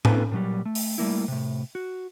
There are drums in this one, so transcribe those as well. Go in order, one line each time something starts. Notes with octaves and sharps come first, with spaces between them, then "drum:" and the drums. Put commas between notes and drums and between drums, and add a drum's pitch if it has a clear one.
A#3 C4 D#4 F4 A4 B4, drum: tom A2
A#2 F#3 G3
A3
drum: open hi-hat
G3 A3 A#3 E4
A2 C3
F#4